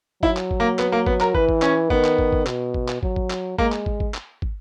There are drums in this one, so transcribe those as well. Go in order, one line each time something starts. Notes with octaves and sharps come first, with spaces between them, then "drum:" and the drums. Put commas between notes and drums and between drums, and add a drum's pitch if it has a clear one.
F#3 E4, drum: kick
drum: clap
drum: kick
A#3
B3, drum: clap
A#3
B3, drum: kick
A#4, drum: clap
E3 B4, drum: kick
drum: kick
C#4, drum: clap
D#3 B3, drum: kick
drum: clap
drum: kick
drum: kick
B2, drum: clap
drum: kick
drum: clap
F#3, drum: kick
drum: kick
drum: clap
G#3 A#3, drum: kick
drum: clap
drum: kick
drum: kick
drum: clap
drum: kick